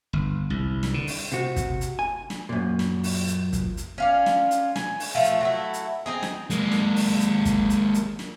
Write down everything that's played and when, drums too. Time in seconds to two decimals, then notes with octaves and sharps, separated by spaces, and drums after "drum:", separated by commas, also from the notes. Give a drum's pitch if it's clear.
0.13 G1
0.50 C2
0.83 drum: snare
0.94 D3
1.07 drum: open hi-hat
1.32 C3 F#4
1.56 drum: kick, hi-hat
1.81 drum: hi-hat
1.99 G#5
2.30 drum: snare
2.49 F#2 A#2
2.79 drum: snare
3.04 drum: open hi-hat
3.28 drum: hi-hat
3.53 drum: kick, hi-hat
3.77 drum: hi-hat
3.98 C#4 F4 D5
4.26 drum: snare
4.51 drum: hi-hat
4.76 G#5, drum: snare
5.00 drum: open hi-hat
5.15 F3 A3
5.24 drum: hi-hat
5.41 F#3 A3 E4
5.73 drum: hi-hat
6.06 C4 D#4 G#4
6.23 drum: snare
6.50 G#3 A#3, drum: hi-hat
6.72 drum: snare
6.96 drum: open hi-hat
7.21 drum: hi-hat
7.45 drum: kick, hi-hat
7.70 drum: hi-hat
7.94 drum: hi-hat
8.19 drum: snare